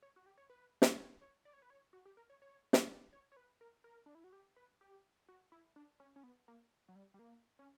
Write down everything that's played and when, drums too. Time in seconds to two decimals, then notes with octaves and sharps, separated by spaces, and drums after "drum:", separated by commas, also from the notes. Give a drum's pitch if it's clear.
0.03 C#5
0.16 F#4
0.26 G4
0.38 C#5
0.50 B4
0.82 drum: snare
0.98 C#5
1.21 C#5
1.45 D5
1.53 C#5
1.62 B4
1.70 C#5
1.93 F#4
2.05 G4
2.17 A#4
2.30 C#5
2.42 C#5
2.73 drum: snare
2.89 D5
3.13 C#5
3.32 C#5
3.37 B4
3.61 A#4
3.84 A#4
4.06 D4
4.15 E4
4.24 F#4
4.33 G4
4.56 B4
4.81 G4
5.29 F#4
5.52 E4
5.76 D4
6.00 C#4
6.16 C#4
6.23 B3
6.48 A#3
6.88 F#3
6.96 G3
7.14 G3
7.19 A#3
7.59 C#4